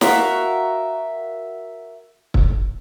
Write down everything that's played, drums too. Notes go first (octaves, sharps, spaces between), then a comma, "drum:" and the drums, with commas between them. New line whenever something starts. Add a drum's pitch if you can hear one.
F#4 A#4 E5 F5, drum: snare
drum: kick